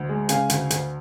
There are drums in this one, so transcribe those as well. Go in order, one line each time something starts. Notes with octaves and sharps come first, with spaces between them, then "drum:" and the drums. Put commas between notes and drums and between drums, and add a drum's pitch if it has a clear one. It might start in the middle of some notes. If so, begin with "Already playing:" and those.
Already playing: D2
G#3
C#3 F5 G#5, drum: hi-hat
D2, drum: hi-hat
D2, drum: hi-hat